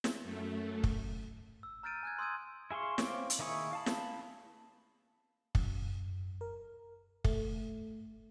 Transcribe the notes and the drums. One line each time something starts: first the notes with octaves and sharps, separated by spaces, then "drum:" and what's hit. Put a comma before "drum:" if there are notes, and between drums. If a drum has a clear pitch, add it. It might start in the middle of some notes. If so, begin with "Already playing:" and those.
drum: snare
F#2 A3
drum: kick
E6
A#5 F6 G6 A6 D7 D#7
G#5 F#6 G#6
C6 D#6 E6 G6 G#6 D#7
E4 G#4 F5 C6 C#6
C4 C#5 F5 D6, drum: snare
drum: hi-hat
D#3 A#3 E4 G#4 C#6
F5 A5 B5
drum: snare
F#2, drum: kick
A#4
A3, drum: kick